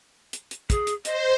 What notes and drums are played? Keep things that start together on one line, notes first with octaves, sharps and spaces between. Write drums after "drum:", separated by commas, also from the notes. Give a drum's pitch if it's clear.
drum: hi-hat
drum: hi-hat
G#4, drum: kick, hi-hat
drum: hi-hat
C5 D#5, drum: hi-hat